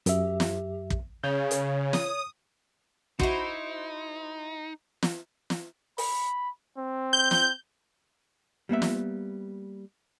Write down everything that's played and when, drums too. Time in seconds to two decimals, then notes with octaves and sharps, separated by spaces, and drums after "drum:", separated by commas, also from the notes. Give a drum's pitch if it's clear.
0.06 F#2 G4 E5, drum: hi-hat
0.40 drum: snare
0.90 drum: kick
1.24 C#3 C#5 G6
1.51 drum: hi-hat
1.93 D#6, drum: snare
3.20 D#4 E4 F#4 C5, drum: kick
5.03 drum: snare
5.50 drum: snare
5.98 B5, drum: open hi-hat
6.77 C4
7.13 G6
7.31 drum: snare
8.69 G3 A#3 B3 E5
8.82 drum: snare